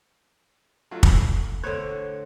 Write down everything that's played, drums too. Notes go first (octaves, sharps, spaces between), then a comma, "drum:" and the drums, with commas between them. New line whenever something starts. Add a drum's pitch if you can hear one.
F#3 A3 F4
drum: kick
A2 D3 C5 C#5 F#6